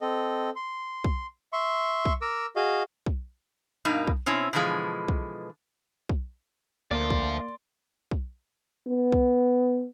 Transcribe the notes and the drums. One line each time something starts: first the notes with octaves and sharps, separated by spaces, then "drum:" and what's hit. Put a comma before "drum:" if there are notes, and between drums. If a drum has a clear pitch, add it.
C4 A4 D#5
C6
drum: kick
E5 C6 C#6
drum: kick
A#4 D6 E6
F#4 G#4 D#5 F5
drum: kick
G2 B2 A#3 D#4
drum: kick
B2 C4 C#4 E4
B2 D3 E3 F3 G#3
drum: kick
drum: kick
D2 A#3 C5 D5 F5 C6
drum: kick
drum: kick
B3
drum: kick